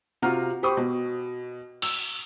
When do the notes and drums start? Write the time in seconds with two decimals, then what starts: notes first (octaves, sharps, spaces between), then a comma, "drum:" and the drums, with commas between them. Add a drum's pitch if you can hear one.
0.22 C3 F4 F#4 A#5 F6
0.63 G4 C5 G5 B5 C#6 D#6
0.77 B2
1.82 E6, drum: cymbal